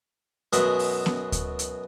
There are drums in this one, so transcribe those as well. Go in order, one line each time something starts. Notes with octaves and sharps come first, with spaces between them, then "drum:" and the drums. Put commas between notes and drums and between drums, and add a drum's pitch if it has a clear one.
F#2 B2 G#3 F#4 E5, drum: hi-hat
drum: open hi-hat
drum: snare B3
drum: kick D2, hi-hat
drum: hi-hat